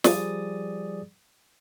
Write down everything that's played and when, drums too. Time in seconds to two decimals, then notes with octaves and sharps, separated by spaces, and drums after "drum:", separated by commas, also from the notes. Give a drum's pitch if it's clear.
0.04 F3 G3 G#4 D5 D#6 A6, drum: snare